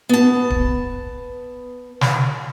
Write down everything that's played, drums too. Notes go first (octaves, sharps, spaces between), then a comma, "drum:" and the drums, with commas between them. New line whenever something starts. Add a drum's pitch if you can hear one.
B3 A5
drum: kick D1
drum: snare